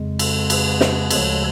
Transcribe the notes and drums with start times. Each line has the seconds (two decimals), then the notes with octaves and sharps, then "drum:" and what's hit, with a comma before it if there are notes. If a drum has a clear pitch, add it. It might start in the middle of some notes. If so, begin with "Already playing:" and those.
Already playing: F2 C#3 G#3
0.19 A4, drum: cymbal
0.50 G#4 B4, drum: cymbal
0.81 drum: snare
1.10 D2 C#3 F3 G#3 A4 C#5, drum: cymbal